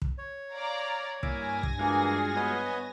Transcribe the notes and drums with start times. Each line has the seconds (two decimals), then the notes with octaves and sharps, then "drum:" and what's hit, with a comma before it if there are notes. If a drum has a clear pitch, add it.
0.02 drum: kick
0.18 C#5
0.52 D5 F5 A#5
1.23 G2 A#3 E4 G#5 D6 A#6, drum: kick
1.63 drum: kick
1.79 E3 G#3 A#3 D4 F4 F#4 G#4
2.36 B3 B4 C#5 D#5